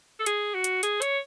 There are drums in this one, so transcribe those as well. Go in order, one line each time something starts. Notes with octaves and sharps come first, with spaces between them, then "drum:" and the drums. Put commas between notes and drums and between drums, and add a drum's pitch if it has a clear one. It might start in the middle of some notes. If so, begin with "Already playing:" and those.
A4
G#4, drum: hi-hat
F#4
drum: hi-hat
G#4, drum: hi-hat
C#5, drum: hi-hat